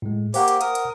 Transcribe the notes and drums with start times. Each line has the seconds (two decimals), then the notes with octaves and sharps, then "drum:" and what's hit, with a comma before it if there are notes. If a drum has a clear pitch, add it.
0.02 A2 G#3
0.34 A#3 G4 C5 F#5 C#6, drum: open hi-hat
0.48 drum: hi-hat
0.61 A#4 D#6, drum: hi-hat
0.75 drum: hi-hat